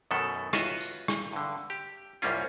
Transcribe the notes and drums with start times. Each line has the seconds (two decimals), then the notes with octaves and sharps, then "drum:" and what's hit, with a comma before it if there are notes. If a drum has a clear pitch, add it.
0.11 F#2 B2 D#3 B3 A4
0.53 F4 F#4 B4 C#5 D#5 E5, drum: rim click
0.81 drum: tambourine
1.08 drum: rim click
1.33 G2 D3
1.70 G4
2.22 C2 F#2 G3 A#3 C#4 F4